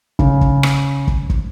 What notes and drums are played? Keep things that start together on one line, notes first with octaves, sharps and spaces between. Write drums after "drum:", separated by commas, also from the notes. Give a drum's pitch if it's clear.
C#3, drum: kick
drum: kick
drum: rim click
drum: kick
drum: kick